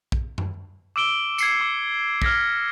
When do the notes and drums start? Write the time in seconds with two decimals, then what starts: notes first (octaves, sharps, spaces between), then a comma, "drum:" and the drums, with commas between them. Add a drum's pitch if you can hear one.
0.12 drum: kick
0.38 drum: tom F#2
0.96 D6 E6 D7 G7
1.38 G#6 C7 C#7, drum: tambourine
1.61 D6
2.22 F6 G#6 A#6 B6, drum: kick